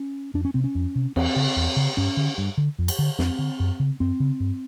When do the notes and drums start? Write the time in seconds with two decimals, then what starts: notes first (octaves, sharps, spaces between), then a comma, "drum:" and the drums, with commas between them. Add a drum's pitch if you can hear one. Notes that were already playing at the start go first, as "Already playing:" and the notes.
Already playing: C#4
0.34 F2 D4
0.45 C#4
0.54 C3 C4
0.64 C#4
0.75 F2
0.96 C3
1.16 E2 C4, drum: cymbal
1.36 C#3
1.56 E2
1.76 C#3
1.97 G2 C#4
2.17 D3
2.38 G2
2.58 D3
2.79 F2
2.88 drum: cymbal
2.99 D3
3.19 F2 C4, drum: snare
3.39 D3
3.60 F#2
3.80 C#3
4.00 F#2 C4
4.20 C#3
4.40 G2